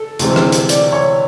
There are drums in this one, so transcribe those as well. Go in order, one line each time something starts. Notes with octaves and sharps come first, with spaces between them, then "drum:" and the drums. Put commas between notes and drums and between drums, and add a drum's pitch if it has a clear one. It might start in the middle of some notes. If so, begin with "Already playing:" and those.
Already playing: A4
D2 C3 E3 G#3 C4, drum: hi-hat
drum: rim click
drum: hi-hat
D5, drum: hi-hat
C#5